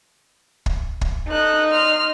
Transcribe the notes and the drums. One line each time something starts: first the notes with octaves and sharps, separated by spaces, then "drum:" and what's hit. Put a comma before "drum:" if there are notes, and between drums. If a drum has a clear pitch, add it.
drum: kick
drum: kick
D#4 A4 F#6
C6 F6